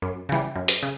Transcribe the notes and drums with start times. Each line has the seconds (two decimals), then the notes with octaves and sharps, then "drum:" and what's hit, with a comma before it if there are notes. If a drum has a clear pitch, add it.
0.02 F#2
0.29 C#3 E3 G3
0.56 F#2
0.68 drum: hi-hat
0.83 C#3